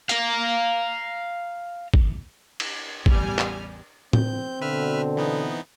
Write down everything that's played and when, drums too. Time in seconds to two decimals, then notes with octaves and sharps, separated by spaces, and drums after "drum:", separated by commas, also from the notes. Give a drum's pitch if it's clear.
0.09 F5 A#5, drum: hi-hat
1.94 drum: kick
2.60 drum: cymbal
3.06 A1 E2 G3 G#5 F6, drum: kick
3.39 drum: clap
4.13 C4 G6, drum: tom A2
4.61 B2 D3 B4 E5 F6
5.17 E3 B3 D#4